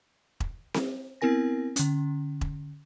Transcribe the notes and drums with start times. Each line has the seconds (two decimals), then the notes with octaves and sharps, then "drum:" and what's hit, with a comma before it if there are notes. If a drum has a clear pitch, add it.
0.40 drum: kick E1
0.74 drum: snare C4
1.21 B3 C4 E4 A#4 G#5 A#6
1.76 D3 C#4, drum: hi-hat
2.41 drum: kick E1